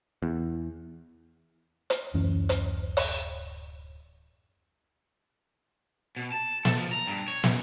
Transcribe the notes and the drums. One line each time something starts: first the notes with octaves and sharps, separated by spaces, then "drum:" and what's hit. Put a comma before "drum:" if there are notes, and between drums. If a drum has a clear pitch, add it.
E2
drum: hi-hat
D1 F#2 E3 C#4
drum: hi-hat
drum: open hi-hat
B2
A5
A4, drum: snare
F3
A#5
G2
C#5
F#2, drum: snare